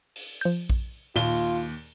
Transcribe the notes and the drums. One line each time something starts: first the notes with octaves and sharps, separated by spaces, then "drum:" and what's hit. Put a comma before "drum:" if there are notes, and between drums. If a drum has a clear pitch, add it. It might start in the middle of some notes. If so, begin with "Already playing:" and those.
drum: open hi-hat
F3 G6
drum: kick A#1
D#2 A#2 F4 G7, drum: open hi-hat